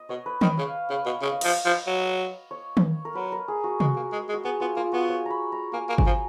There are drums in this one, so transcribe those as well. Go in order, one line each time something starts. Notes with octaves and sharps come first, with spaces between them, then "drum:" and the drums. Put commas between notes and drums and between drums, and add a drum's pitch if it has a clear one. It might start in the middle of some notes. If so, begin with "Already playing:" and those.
Already playing: D#5
B2 C#5
B4
D#3 C#5, drum: tom D#3
C#3 F5
C#3 F#5
B2 F5
C#3 D#5
F5
F3 D#5, drum: cymbal
F3
F#3
C#5
drum: tom D#3
A#4
F#3 B4
A#4
G#4
F#4
G#3 F#4, drum: tom C3
A#3
G#3
G#3
F#4
B3 G#4
B3 F4
A#3 F4
B3 F#4
C#5
A#5 B5
A#5
A#3 G#5
A#3
G#5, drum: kick G1
F3 A#5